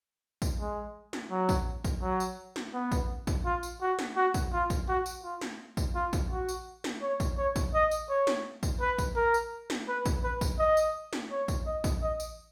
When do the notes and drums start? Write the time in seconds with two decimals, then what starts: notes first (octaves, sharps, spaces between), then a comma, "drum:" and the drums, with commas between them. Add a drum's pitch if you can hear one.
0.42 drum: kick, tambourine
0.60 G#3
1.13 drum: snare
1.31 F#3
1.49 drum: kick, tambourine
1.84 drum: kick, tambourine
2.02 F#3
2.20 drum: tambourine
2.56 drum: snare
2.73 B3
2.92 drum: kick, tambourine
3.27 drum: kick, tambourine
3.45 F4
3.63 drum: tambourine
3.81 F#4
3.99 drum: snare
4.16 F#4
4.34 drum: kick, tambourine
4.53 F4
4.70 drum: kick, tambourine
4.88 F#4
5.06 drum: tambourine
5.24 F4
5.41 drum: snare
5.77 drum: kick, tambourine
5.95 F4
6.13 drum: kick, tambourine
6.30 F#4
6.49 drum: tambourine
6.84 drum: snare
7.02 C#5
7.20 drum: kick, tambourine
7.38 C#5
7.56 drum: kick, tambourine
7.74 D#5
7.91 drum: tambourine
8.09 C#5
8.27 drum: snare
8.63 drum: kick, tambourine
8.80 B4
8.98 drum: kick, tambourine
9.16 A#4
9.34 drum: tambourine
9.70 drum: snare
9.88 B4
10.06 drum: kick, tambourine
10.24 B4
10.41 drum: kick, tambourine
10.59 D#5
10.77 drum: tambourine
11.13 drum: snare
11.31 C#5
11.48 drum: kick, tambourine
11.66 D#5
11.84 drum: kick, tambourine
12.02 D#5
12.20 drum: tambourine